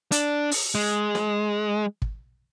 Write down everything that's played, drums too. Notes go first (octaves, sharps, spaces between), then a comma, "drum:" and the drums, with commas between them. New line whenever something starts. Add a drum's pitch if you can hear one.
D4, drum: hi-hat
drum: open hi-hat
G#3
drum: snare
drum: kick